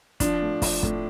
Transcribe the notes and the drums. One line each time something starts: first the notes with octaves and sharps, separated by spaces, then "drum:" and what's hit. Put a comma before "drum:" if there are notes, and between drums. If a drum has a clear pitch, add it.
F3 D4, drum: kick, hi-hat
A2
F3, drum: kick, open hi-hat
A2, drum: kick